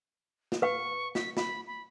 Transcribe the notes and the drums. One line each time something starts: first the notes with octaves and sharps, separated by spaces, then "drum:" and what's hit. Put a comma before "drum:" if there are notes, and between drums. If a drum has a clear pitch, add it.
drum: snare
B4 F5 C#6
B6, drum: snare
B5, drum: snare
B5